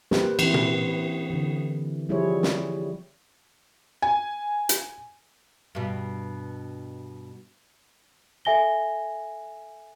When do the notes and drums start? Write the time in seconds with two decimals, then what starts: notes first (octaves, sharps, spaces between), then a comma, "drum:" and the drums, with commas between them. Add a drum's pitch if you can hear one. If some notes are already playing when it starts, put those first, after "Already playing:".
0.11 A#3 G4 B4 C5, drum: snare
0.39 E3 C4 E4, drum: cymbal
0.54 drum: tom A#2
1.30 D3 E3
2.09 F3 G3 E4 G#4 C5 C#5
2.43 drum: snare
4.02 G#5
4.69 drum: hi-hat
5.75 G2 B2
8.45 A4 E5 G#5 A#6 G7